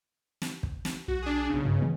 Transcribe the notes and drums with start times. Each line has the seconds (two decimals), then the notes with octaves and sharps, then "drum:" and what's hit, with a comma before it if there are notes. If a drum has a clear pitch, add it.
0.42 drum: snare
0.63 drum: kick
0.85 drum: snare
1.08 B1 F#4
1.22 D4 G#4
1.50 B1 C#3
1.65 G2
1.82 E3